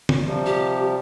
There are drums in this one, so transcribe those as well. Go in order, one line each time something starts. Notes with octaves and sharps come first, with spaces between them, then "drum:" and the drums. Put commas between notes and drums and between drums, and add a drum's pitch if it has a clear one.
drum: tom
C3 F3 G3
G4